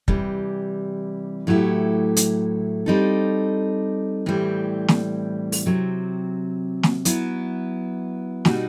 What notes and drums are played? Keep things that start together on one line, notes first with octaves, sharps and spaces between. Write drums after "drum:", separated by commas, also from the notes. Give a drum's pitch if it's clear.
C3 E3 G3, drum: kick
A2 F#3 A3 E4 G4
drum: hi-hat
G3 C4 D#4 A4
A2 E3 G3 C4
drum: snare
drum: open hi-hat
C3 F#3 C4
drum: snare
F#3 B3 E4, drum: hi-hat
B2 G3 D#4 F#4, drum: snare